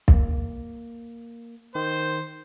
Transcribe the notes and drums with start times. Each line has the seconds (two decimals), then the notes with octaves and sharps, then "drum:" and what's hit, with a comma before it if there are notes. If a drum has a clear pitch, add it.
0.08 A#3, drum: kick
1.75 D#3 C5